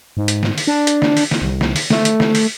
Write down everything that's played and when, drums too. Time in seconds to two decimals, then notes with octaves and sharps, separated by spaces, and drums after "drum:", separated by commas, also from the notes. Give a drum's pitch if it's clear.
0.17 G#2
0.28 drum: hi-hat
0.43 drum: snare
0.58 drum: open hi-hat
0.67 D4
0.87 drum: hi-hat
1.02 drum: snare
1.17 drum: open hi-hat
1.31 drum: snare
1.42 C2
1.61 drum: snare
1.76 drum: open hi-hat
1.90 A3, drum: snare
2.05 drum: hi-hat
2.20 drum: snare
2.35 drum: open hi-hat